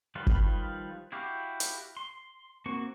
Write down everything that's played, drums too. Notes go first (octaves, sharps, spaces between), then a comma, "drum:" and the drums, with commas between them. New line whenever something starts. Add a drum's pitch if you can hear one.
D#3 F3 G3 F4 B4
drum: kick
E4 F#4 G4 F5
drum: hi-hat
C6
A#3 C4 F#4 C#6